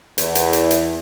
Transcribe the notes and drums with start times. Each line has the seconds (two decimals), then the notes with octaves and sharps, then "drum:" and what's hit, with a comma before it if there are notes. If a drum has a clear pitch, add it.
0.18 E2, drum: hi-hat
0.35 drum: hi-hat
0.53 drum: hi-hat
0.71 drum: hi-hat